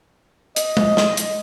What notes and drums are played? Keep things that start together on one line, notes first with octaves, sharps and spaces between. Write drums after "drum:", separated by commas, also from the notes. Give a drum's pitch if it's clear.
D#5, drum: hi-hat
drum: tom G#3
drum: snare
drum: hi-hat